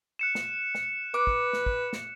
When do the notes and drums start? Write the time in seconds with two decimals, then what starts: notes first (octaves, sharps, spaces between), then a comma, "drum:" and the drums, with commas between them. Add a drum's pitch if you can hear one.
0.19 F#6 C#7 E7
0.35 drum: snare
0.75 drum: snare
1.14 B4 D6
1.27 drum: kick
1.53 drum: snare
1.66 drum: kick
1.93 drum: snare